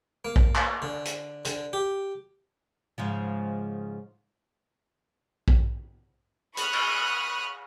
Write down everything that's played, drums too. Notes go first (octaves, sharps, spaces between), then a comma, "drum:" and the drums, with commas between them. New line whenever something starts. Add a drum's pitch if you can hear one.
A#3
drum: kick A#1
drum: clap
D3
drum: hi-hat
D3, drum: hi-hat
G4
G#2 C#3 F3
drum: kick A#1
B5 C#6 D#6 F6 F#6, drum: hi-hat
drum: cymbal